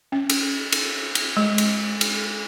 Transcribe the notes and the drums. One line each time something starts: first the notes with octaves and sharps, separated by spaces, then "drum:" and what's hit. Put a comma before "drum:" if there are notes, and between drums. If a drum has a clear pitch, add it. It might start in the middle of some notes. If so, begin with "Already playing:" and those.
C#4
drum: cymbal
drum: cymbal
drum: cymbal
G#3
drum: cymbal
drum: cymbal